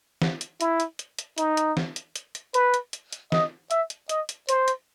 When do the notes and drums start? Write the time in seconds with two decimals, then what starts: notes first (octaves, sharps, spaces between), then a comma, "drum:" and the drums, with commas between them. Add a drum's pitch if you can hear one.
0.22 drum: snare
0.41 drum: hi-hat
0.61 E4, drum: hi-hat
0.80 drum: hi-hat
0.99 drum: hi-hat
1.19 drum: hi-hat
1.38 D#4, drum: hi-hat
1.57 drum: hi-hat
1.77 drum: snare
1.96 drum: hi-hat
2.16 drum: hi-hat
2.35 drum: hi-hat
2.54 B4, drum: hi-hat
2.74 drum: hi-hat
2.93 drum: hi-hat
3.13 drum: hi-hat
3.32 D#5, drum: snare
3.71 E5, drum: hi-hat
3.90 drum: hi-hat
4.09 D#5, drum: hi-hat
4.29 drum: hi-hat
4.49 C5, drum: hi-hat
4.68 drum: hi-hat